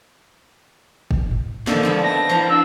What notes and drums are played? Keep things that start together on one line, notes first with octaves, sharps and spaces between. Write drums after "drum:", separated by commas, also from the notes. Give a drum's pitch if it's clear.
drum: kick
drum: tom G#2
D3 D#3 F3 A#3 B3, drum: snare
D3 F3 G#3 B3 C4
D#5 A5 A#6
F3 E4 C5 A#5
D4 E6